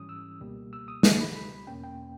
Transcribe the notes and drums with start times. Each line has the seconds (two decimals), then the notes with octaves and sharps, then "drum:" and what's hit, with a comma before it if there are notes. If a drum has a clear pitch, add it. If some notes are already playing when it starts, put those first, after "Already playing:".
Already playing: G#2 E3 G3 C#4 D#6
0.09 E6
0.40 C#2 B2 G3 A#3
0.73 E6
0.88 D#6
1.03 C#2 C#3 G3 D#6, drum: snare
1.20 B5
1.36 B5
1.67 E2 B2 A#3 C#4 G5
1.84 G5